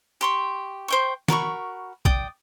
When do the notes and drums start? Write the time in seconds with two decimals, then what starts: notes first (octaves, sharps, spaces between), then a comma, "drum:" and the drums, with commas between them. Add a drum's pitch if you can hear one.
0.21 G4 C6 C#6
0.88 C5 G5 C#6
1.28 F#4 A#4 B5 C#6, drum: snare D#3
2.05 D5 G5 D#6, drum: kick A#1